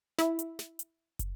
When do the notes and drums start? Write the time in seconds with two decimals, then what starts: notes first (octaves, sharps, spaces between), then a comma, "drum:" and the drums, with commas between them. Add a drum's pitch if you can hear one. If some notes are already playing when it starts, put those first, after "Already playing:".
0.19 E4, drum: snare
0.39 drum: hi-hat
0.59 drum: snare
0.79 drum: hi-hat
1.19 drum: kick, hi-hat